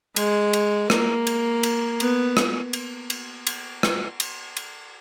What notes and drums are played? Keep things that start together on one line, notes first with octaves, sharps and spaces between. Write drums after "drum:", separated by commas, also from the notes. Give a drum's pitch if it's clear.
G#3, drum: cymbal
drum: cymbal
A#3, drum: rim click
drum: cymbal
drum: cymbal
B3, drum: cymbal
drum: rim click
drum: cymbal
drum: cymbal
drum: cymbal
drum: rim click
drum: cymbal
drum: cymbal